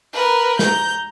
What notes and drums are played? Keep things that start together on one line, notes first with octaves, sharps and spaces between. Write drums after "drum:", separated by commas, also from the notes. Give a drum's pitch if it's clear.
A#4 B4
A#5 G6, drum: snare